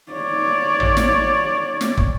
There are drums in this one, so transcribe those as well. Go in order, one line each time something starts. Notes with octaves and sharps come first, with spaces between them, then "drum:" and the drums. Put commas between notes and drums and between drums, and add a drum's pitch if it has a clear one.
C#5 D5
drum: tom A1
drum: snare
drum: snare
drum: kick